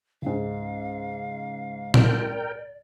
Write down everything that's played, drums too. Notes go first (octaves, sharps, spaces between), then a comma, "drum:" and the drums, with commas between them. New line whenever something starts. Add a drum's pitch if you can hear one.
C#2 G#2 F5
A#4 D5 G5, drum: tom A#2